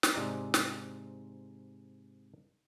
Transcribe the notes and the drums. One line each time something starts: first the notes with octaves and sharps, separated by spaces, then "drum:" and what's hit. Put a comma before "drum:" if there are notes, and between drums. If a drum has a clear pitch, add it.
drum: snare
G#2 C3 D5 D#5 G5 A#5
drum: snare